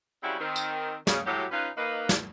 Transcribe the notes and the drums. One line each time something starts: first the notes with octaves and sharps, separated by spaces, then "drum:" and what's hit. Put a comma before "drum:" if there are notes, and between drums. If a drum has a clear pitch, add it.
C#3 F#3 G3 C4 E4 F#4
D#3 C4
drum: tambourine
C#3, drum: snare
A2 F#3 G4
C#4 D#4 F4 B4
A#3 D#4 B4
drum: snare